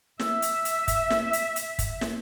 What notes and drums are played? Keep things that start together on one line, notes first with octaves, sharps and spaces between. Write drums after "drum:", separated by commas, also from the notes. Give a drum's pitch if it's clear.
E5 E6, drum: snare
drum: hi-hat
drum: hi-hat
drum: kick, hi-hat
drum: snare
drum: hi-hat
drum: hi-hat
drum: kick, hi-hat
drum: snare